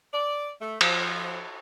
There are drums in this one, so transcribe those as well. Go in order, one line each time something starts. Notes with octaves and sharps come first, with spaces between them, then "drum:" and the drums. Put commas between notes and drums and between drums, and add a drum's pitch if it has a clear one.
D5
A3
F3, drum: cymbal